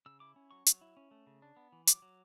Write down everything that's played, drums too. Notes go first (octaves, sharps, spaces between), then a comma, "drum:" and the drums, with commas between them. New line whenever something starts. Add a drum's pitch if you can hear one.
C#3 E6
E4 D6
C#4
F#3 C#6
F#3, drum: hi-hat
E4
C#4
A3
C#3
D4
B3
E3
F#3 D6, drum: hi-hat
F#3